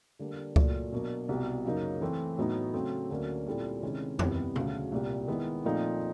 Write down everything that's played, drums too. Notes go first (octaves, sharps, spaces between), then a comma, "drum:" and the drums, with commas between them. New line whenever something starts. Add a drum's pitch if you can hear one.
D3 G3 A#3 D4
A#2 F#3 A3, drum: kick C#2
B2 F#3 A#3 D4
C2 B2 G3
F#2 C#3 F#3 A#3 D#4
E3 A3 C4
A2 F#3 B3 D#4
C#3 F#3 A3 C4
D2 D3 F#3 A#3 C#4
A#2 G3 C4 E4 A4
C3 D#3 G#3 C#4 E4
C3 D#3 G3 B3 E4, drum: tom E2
D2 C#3 F#3, drum: tom B2
C2 A#2 G3
D#3 G#3 B3 E4
A#2 F3 A3 C4 D#4